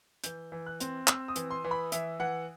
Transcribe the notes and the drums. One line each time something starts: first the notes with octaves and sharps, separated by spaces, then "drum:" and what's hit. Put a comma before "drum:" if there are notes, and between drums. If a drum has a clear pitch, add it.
E3 G6, drum: hi-hat
E3
F#6
C4, drum: hi-hat
C4 E6, drum: clap
D#6
E3, drum: hi-hat
C6
E3
B5
E3 E5, drum: hi-hat
E3 F#5